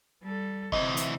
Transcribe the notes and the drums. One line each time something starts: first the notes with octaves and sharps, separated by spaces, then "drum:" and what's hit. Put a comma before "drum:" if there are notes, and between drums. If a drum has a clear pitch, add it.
G3 A4
D2 C3 E3 D#5, drum: kick
drum: hi-hat